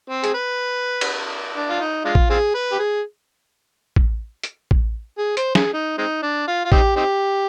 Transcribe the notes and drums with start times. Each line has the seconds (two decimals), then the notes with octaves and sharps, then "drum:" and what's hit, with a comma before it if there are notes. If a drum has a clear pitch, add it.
0.10 C4
0.24 G#4, drum: hi-hat
0.34 B4
1.01 drum: cymbal
1.56 D4
1.70 F4
1.81 D#4
2.05 G#3 D4 F4
2.15 drum: kick A1
2.30 C4 F4 G#4
2.55 B4
2.72 G4
2.79 G#4
3.96 drum: kick A1
4.44 drum: hi-hat
4.71 drum: kick A1
5.18 G#4
5.37 C5, drum: hi-hat
5.55 G#4, drum: snare
5.73 D#4
5.98 G#3 C4 D#4
6.23 D4
6.48 F4
6.65 F4
6.72 C4 D#4 G4, drum: kick A1
6.96 C4 D#4 G4